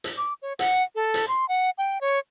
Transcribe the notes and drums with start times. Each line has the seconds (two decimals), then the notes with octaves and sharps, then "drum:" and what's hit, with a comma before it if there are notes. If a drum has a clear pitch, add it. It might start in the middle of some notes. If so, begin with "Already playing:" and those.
0.04 drum: hi-hat
0.17 D6
0.42 C#5
0.59 F#5, drum: hi-hat
0.95 A4
1.14 drum: hi-hat
1.28 C6
1.48 F#5
1.78 G5
2.01 C#5